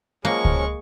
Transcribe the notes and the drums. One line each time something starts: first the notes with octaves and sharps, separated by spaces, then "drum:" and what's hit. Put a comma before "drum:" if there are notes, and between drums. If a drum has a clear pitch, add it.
F3 F#3 G#3 A#3 C#4 C#6
drum: kick C#2